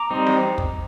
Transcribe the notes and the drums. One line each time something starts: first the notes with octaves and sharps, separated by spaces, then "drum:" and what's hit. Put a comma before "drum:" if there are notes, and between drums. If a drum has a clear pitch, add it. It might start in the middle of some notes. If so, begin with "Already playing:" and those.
Already playing: A#5 D6
G3 C4 D#4
drum: snare
drum: kick